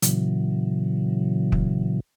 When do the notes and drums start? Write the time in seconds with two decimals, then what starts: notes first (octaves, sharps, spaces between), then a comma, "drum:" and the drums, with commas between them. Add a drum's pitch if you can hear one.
0.02 A#2 C#3 E3 F#3, drum: hi-hat
1.52 drum: kick